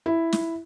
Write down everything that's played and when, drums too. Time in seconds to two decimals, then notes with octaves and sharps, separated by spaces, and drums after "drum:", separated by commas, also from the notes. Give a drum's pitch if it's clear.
0.06 E4
0.33 drum: snare